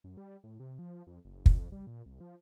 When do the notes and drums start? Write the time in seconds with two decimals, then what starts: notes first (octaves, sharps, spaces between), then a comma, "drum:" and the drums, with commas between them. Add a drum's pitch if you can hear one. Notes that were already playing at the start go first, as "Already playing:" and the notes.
0.04 F#2
0.17 G3
0.44 A2
0.60 C3
0.79 F3
1.07 F2
1.25 F#1
1.46 F2, drum: kick
1.72 G3
1.87 A#2
2.06 C2
2.20 F3